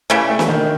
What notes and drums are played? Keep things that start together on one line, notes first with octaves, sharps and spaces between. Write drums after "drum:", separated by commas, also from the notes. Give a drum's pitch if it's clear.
C#3 E3 G3 A3
A3
drum: snare
D#3